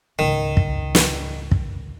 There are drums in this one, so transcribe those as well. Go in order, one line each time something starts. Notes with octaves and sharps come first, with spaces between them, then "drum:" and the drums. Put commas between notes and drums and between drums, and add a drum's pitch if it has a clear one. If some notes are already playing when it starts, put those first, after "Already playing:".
C#2 G#2 D#3
drum: kick
drum: snare
drum: kick